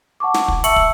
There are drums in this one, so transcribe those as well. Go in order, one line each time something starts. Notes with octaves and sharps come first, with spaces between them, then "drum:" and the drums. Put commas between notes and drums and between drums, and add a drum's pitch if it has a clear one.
F#5 A5 C#6 D6
drum: snare
drum: kick
E5 A5 C#6 E6 C#7 F#7, drum: hi-hat
drum: kick